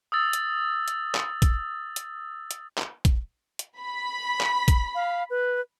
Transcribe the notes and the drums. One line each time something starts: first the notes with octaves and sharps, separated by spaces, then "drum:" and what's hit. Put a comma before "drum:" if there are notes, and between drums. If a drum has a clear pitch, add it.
D#6 E6 A6
drum: hi-hat
drum: hi-hat
drum: clap
drum: kick A#1, hi-hat
drum: hi-hat
drum: hi-hat
drum: clap
drum: kick A#1, hi-hat
drum: hi-hat
B5
drum: clap
drum: kick A#1, hi-hat
F5
B4